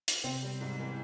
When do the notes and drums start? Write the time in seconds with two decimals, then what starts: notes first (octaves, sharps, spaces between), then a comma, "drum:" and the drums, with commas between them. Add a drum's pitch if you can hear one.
0.08 drum: hi-hat
0.24 C3 C4
0.43 G3
0.61 G#2
0.79 E3